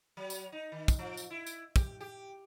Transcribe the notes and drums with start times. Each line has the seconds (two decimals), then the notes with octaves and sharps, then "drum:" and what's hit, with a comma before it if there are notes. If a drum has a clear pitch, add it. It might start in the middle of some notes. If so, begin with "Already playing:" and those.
0.17 F#3
0.30 drum: tambourine
0.52 D#4
0.72 D#3
0.88 drum: kick, tambourine
0.99 F3
1.17 drum: tambourine
1.30 E4
1.47 drum: tambourine
1.76 G4, drum: kick, tambourine
2.01 G4